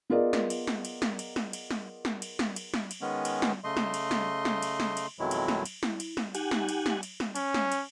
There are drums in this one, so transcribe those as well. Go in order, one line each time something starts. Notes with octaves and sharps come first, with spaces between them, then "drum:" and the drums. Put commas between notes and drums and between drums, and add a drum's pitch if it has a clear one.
B3 F4 G#4 A#4 D5 D#5
drum: snare
drum: cymbal
drum: snare
drum: cymbal
drum: snare
drum: cymbal
drum: snare
drum: cymbal
drum: snare
drum: snare
drum: cymbal
drum: snare
drum: cymbal
drum: snare
drum: cymbal
D#3 G#3 B3 C#4
drum: cymbal
drum: snare
C#3 A3 D#5 C6
drum: snare
drum: cymbal
drum: snare
drum: snare
drum: cymbal
drum: snare
drum: cymbal
F2 B2 D#3 F#3 G#3 E4
drum: cymbal
drum: snare
drum: cymbal
E4, drum: snare
drum: cymbal
drum: snare
D#4 G4 F#5 G#5, drum: cymbal
drum: snare
drum: cymbal
drum: snare
drum: cymbal
drum: snare
C#4, drum: cymbal
drum: snare
drum: cymbal